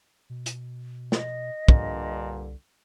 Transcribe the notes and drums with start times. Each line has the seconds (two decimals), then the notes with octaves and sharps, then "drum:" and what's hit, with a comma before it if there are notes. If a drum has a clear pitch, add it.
0.30 B2
0.46 drum: hi-hat
1.12 D#5, drum: snare
1.68 C2 G2 A#2 D3, drum: kick